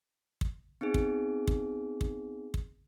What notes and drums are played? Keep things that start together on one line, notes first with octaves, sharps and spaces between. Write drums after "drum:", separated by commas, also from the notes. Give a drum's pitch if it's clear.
drum: kick
B3 C4 D#4 G#4
drum: kick
drum: kick
drum: kick
drum: kick